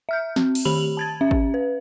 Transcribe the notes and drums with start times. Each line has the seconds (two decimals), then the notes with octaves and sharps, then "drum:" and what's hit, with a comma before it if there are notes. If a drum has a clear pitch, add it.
0.09 E5 F6 G6
0.36 C4, drum: snare
0.55 drum: open hi-hat
0.65 D#3 G4 B5 F7 F#7
0.97 A5 G#6 A6
1.21 C#4 E5
1.31 drum: kick G#1
1.54 B4